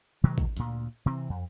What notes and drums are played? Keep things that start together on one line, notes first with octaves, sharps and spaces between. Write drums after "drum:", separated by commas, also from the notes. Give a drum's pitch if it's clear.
B2 D#3 F#3 G#3
drum: kick A1
D2 A#2, drum: hi-hat
C3 E3 C4
F2